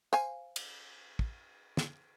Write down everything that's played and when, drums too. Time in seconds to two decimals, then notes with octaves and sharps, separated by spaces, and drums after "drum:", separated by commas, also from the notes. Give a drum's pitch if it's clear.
0.13 C5 F5 G#5, drum: tambourine
0.56 drum: cymbal
1.19 drum: kick
1.77 drum: snare